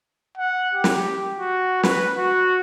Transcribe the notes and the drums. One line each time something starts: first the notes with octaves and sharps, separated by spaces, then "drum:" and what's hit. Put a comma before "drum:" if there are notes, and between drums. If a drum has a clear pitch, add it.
F#5
G4
drum: snare
F#4
B4, drum: snare
F#4